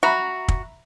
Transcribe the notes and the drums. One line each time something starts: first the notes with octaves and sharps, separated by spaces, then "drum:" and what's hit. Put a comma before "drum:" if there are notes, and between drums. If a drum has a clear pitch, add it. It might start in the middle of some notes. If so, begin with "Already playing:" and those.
F#4 E5 A#5 B5
drum: kick